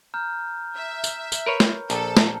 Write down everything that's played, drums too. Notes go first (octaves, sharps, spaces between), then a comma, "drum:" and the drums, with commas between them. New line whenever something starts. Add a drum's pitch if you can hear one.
A#5 F6 G6
E5
drum: tambourine
drum: tambourine
A#4 B4 C#5
drum: snare
A#1 A4 A5 A#5, drum: tambourine
drum: snare